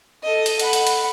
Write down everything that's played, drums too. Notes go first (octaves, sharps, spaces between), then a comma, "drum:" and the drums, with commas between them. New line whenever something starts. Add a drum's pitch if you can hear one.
A4 D#5
drum: hi-hat
F#5 B5, drum: hi-hat
drum: hi-hat
drum: hi-hat